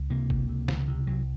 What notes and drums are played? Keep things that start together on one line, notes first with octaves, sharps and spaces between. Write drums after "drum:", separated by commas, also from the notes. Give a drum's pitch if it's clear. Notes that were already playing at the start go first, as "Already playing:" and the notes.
Already playing: C#2
C3 A#3
C#2, drum: kick G#1
C3
C#2, drum: snare
C3
C2 F#3